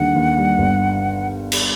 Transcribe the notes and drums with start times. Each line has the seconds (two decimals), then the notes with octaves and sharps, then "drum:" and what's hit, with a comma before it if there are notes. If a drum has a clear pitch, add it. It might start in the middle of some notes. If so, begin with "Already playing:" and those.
Already playing: D#2 D3 G3 F#5
0.15 D#2
0.37 G3
0.58 G1
1.52 drum: cymbal